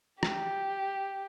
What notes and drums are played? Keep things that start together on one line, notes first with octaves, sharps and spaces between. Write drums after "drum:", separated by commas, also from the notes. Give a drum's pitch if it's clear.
G4, drum: rim click